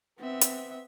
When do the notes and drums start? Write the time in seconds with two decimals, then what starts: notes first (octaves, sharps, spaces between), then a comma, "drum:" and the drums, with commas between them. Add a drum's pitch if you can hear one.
0.19 B3 C4 E5
0.41 drum: hi-hat